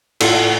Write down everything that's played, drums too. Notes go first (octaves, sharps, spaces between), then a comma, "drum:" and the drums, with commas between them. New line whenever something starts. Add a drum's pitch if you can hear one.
A2 F4 A4, drum: cymbal